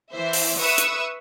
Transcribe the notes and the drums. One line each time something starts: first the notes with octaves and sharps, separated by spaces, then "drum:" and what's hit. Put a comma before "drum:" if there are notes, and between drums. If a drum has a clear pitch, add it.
E3 C5 E5
drum: open hi-hat
B4 E5 C#6 D#6 E6
drum: hi-hat